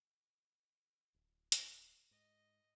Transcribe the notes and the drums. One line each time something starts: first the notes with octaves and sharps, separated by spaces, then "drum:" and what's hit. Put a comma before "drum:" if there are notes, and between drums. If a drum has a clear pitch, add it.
D1
drum: hi-hat
G#2 D#5